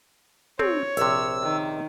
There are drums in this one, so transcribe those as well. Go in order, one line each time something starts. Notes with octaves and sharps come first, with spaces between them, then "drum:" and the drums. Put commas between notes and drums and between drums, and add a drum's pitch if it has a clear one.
C4 C#5, drum: tom
A#1 C3 E6, drum: hi-hat
D#3